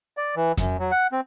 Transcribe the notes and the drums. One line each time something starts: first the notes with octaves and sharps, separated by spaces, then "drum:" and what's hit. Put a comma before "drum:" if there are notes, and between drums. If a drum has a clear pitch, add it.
D5
E3
F#2, drum: kick F2, hi-hat
F#3
F#5
C4